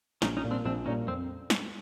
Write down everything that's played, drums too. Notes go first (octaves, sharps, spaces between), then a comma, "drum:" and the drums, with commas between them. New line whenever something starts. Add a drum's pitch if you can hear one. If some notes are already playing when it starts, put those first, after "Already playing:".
A#1 C#4 D#4, drum: snare
C#4 D#4
A#2 G3
C4 D4
A#1 C4 D4
A#2 G3 C#4 D#4
F2 C4
drum: snare